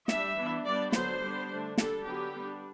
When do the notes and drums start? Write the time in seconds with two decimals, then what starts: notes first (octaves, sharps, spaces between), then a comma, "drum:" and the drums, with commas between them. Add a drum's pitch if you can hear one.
0.08 G3 D4 E5, drum: snare
0.36 E3 B3 D4
0.65 G3 B3 D4 D5
0.92 D3 F#3 B3 D4 C5, drum: snare
1.21 G3 B3 D4
1.49 D3 A3 D4
1.78 G3 D4 A4, drum: snare
2.06 D3 F#3 B3 D4 G4
2.34 G3 B3 D4